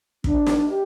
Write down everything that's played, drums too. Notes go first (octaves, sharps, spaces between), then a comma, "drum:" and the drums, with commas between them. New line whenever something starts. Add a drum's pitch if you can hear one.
D4, drum: kick
drum: snare
G4